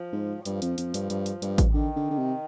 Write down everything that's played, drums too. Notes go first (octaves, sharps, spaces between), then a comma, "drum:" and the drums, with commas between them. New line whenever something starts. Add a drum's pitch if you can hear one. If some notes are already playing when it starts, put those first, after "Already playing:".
Already playing: F3
G#2
G2 F3, drum: hi-hat
F2, drum: hi-hat
F2, drum: hi-hat
G2, drum: hi-hat
G2, drum: hi-hat
drum: hi-hat
G2, drum: hi-hat
drum: kick A1, hi-hat
D3 D#3
D3
D3
C3